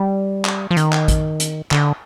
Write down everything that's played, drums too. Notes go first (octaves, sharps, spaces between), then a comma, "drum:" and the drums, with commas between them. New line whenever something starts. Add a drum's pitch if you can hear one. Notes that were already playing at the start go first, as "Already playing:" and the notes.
Already playing: G3
drum: clap
F3
D#3, drum: hi-hat
drum: clap
drum: kick, hi-hat
drum: hi-hat
D3, drum: clap